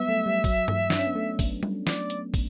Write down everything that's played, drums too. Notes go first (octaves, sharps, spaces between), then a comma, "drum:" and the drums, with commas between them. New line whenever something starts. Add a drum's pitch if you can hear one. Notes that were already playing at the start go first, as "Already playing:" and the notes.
Already playing: F#3 G3 B3 E5
A3
G3
F#3, drum: kick, open hi-hat
drum: tom G2
D4, drum: snare
C#4
B3
A3
drum: kick, open hi-hat
drum: tom G3
D5, drum: snare
drum: hi-hat
drum: kick, open hi-hat